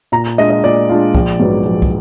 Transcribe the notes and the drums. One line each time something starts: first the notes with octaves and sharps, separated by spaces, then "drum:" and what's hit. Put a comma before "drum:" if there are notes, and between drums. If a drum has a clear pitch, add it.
A#2 A#5
G#3 D4 F4 D#5
D#5
A#2 D5
G#3 D4 F4
A#1, drum: kick
G#2 F#3 B3
A#1
drum: kick